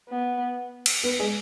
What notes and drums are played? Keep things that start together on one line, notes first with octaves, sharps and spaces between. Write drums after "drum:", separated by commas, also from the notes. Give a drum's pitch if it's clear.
B3
drum: cymbal
B3 B4
G#3 G#4